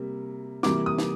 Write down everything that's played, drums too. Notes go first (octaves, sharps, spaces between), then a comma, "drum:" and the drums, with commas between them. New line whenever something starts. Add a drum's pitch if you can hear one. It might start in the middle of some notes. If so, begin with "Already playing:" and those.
Already playing: C3 G3 A#3
C3 E3 G3 A#3 D6, drum: snare
D#6
drum: snare